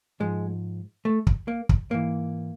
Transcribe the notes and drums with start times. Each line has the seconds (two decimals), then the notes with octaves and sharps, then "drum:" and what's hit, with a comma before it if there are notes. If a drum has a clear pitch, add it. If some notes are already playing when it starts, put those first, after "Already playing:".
0.20 G#2 F3 G#3
1.05 A3
1.27 drum: kick
1.48 A#3
1.69 drum: kick
1.90 G#2 E3 A#3